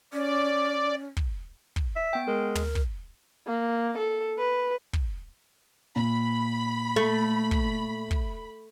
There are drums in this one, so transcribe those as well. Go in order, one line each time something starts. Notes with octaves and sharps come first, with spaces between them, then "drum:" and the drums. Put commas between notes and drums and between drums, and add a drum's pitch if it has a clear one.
C#4 D5
drum: kick
drum: kick
E5
B3 G5
G#3 A#4
drum: tom
drum: kick
A#3
A4
B4
drum: kick
A#2 B5
A3
drum: kick
drum: kick